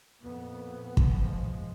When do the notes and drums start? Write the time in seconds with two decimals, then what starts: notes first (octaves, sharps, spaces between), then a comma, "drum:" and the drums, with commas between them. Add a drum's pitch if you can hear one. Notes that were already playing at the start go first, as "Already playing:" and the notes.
0.22 F2 A#2 B3
0.97 drum: kick
1.19 F3 G#3